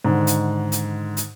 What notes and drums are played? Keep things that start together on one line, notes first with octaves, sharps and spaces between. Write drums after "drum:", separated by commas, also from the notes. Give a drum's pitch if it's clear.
G#2 D3 D#3
drum: hi-hat
drum: hi-hat
drum: hi-hat